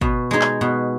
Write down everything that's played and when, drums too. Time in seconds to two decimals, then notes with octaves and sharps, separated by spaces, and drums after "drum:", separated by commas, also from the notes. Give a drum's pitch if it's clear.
0.01 B2, drum: kick
0.31 G#3 D#4 G#4
0.41 drum: clap
0.61 B2